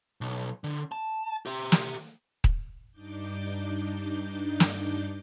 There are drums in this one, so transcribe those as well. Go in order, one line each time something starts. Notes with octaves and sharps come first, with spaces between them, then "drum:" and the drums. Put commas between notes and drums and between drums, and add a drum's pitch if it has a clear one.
B1
D3
A5
G4 E5
drum: snare
drum: kick D#1
G2 D4 D#4 D6 G6
drum: snare